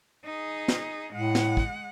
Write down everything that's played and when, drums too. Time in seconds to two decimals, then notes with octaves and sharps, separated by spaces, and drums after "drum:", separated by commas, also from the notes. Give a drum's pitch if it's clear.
0.25 D#4 G#4
0.68 drum: snare
1.13 A2 G#3 F#5
1.35 drum: snare
1.57 drum: kick